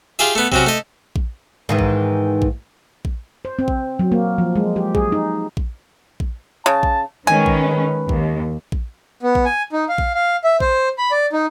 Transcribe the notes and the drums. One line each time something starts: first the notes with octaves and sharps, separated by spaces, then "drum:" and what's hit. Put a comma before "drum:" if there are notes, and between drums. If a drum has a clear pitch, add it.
F4 G4 G#4 E5
A3 B3
C3 F#3 C#4, drum: kick A#1
A3 D#5
drum: kick A#1
G#2 D#3 E3
drum: kick A#1
drum: kick A#1
drum: kick A#1
C5
C4
drum: kick A#1
F#3
A#3
F3
G#3
G4
G#4, drum: kick A#1
D#4
drum: kick A#1
drum: kick A#1
C#3 A5
drum: kick A#1
D#3 G#3 C#4 B4 G#5
drum: kick A#1
D#2, drum: kick A#1
drum: kick A#1
B3
drum: kick A#1
G#5
D#4
F5
drum: kick A#1
F5
E5
C5, drum: kick A#1
B5
D5
D#4